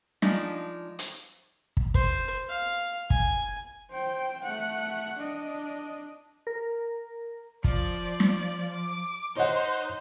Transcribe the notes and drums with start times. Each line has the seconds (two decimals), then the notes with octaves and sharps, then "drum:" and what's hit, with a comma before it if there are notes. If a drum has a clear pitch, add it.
0.22 F3 G#3 D4 D#4, drum: snare
0.99 drum: hi-hat
1.77 drum: kick
1.94 C5, drum: kick
2.49 F5
3.10 G#5, drum: kick
3.91 C5 G5
4.43 A3 F#5
5.18 D4 D#5
6.47 A#4
7.64 F3 D5, drum: kick
8.20 drum: snare
8.72 D6
9.37 D#4 C5 C#5 D#5 F#5